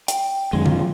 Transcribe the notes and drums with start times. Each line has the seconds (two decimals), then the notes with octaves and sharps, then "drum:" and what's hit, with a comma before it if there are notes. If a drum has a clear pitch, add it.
0.08 G5, drum: hi-hat
0.53 F#2 D#3 G#3
0.66 B2 F3 F4, drum: tom D3